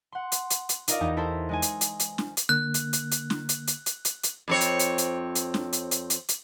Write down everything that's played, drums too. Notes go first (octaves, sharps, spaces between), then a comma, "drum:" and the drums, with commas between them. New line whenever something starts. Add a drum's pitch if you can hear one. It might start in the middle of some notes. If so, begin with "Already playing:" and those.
F#5 C6
drum: hi-hat
drum: hi-hat
drum: hi-hat
D#4 F4 A#4 D5 D#5 F5, drum: hi-hat
E2 D#4 G4
E4 A4 A#4 C5
G#3 D#4 G#5
drum: hi-hat
drum: hi-hat
drum: hi-hat
drum: snare
drum: hi-hat
D3 A#3 F#6
drum: hi-hat
drum: hi-hat
drum: hi-hat
drum: snare
drum: hi-hat
drum: hi-hat
drum: hi-hat
drum: hi-hat
drum: hi-hat
F2 C4 C#5
drum: hi-hat
drum: hi-hat
drum: hi-hat
drum: hi-hat
drum: snare
drum: hi-hat
drum: hi-hat
drum: hi-hat
drum: hi-hat